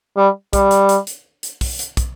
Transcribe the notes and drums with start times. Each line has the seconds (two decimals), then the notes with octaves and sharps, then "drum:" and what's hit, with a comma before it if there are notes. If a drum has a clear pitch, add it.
0.17 G3
0.53 G3, drum: kick, hi-hat
0.71 drum: hi-hat
0.89 drum: hi-hat
1.07 drum: hi-hat
1.43 drum: hi-hat
1.61 drum: kick, open hi-hat
1.79 drum: hi-hat
1.97 drum: kick, hi-hat